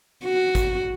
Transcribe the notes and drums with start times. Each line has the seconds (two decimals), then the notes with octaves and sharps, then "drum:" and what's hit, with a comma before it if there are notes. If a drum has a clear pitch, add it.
0.25 F#4
0.55 drum: kick, hi-hat